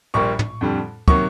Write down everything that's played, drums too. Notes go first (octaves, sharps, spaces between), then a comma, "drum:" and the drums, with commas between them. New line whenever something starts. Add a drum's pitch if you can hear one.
A#1 A#2 G3 A#3 C#6
drum: tom
F2 D3 G3
C3 D#3 F#3 A#3 C#6, drum: kick